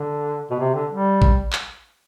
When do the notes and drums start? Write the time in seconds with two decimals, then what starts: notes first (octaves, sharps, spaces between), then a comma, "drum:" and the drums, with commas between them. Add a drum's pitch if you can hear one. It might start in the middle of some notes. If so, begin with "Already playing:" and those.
Already playing: D3
0.51 B2
0.59 C3
0.75 D3
0.91 G3
1.22 drum: kick A1
1.53 drum: clap